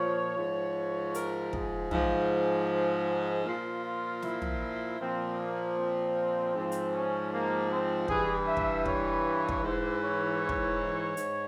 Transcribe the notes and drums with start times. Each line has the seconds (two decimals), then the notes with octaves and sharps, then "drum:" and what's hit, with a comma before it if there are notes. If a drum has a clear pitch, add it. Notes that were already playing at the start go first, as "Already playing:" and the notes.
Already playing: A#2 F3 C#5
0.36 G#2 F3
1.14 A#4, drum: hi-hat
1.53 G#4, drum: kick
1.91 G#2 F3, drum: tom
3.45 A#2 F3 F4
3.84 F4
4.22 E4, drum: snare
4.42 drum: tom
5.00 A#2 F3 C4
5.39 A#3
5.78 C4
6.55 G#2 F3 C4
6.72 drum: hi-hat
6.93 C#4
7.31 A#3
7.70 C4
8.08 G2 E3 G#4, drum: kick
8.47 E5
8.57 drum: kick
8.86 C#5, drum: kick
9.49 drum: kick
9.63 G#2 E3 C5
10.02 C#5
10.49 drum: kick
11.17 G#2, drum: hi-hat